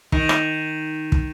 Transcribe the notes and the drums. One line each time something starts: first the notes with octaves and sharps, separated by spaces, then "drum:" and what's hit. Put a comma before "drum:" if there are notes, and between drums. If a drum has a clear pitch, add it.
D#3, drum: kick
drum: rim click
drum: kick